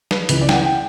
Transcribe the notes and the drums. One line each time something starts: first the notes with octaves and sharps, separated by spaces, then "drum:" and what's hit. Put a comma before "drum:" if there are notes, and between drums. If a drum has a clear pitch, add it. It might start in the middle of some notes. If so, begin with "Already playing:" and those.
B4, drum: snare
C#2 C#3 E3 B4, drum: hi-hat
D5
G5, drum: snare
F#5
G5